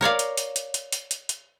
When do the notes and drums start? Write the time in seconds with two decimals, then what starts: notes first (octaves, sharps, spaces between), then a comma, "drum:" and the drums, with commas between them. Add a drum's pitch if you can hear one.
0.01 A#4 C#5 D5 F5
0.19 drum: hi-hat
0.37 drum: hi-hat
0.56 drum: hi-hat
0.74 drum: hi-hat
0.92 drum: hi-hat
1.11 drum: hi-hat
1.29 drum: hi-hat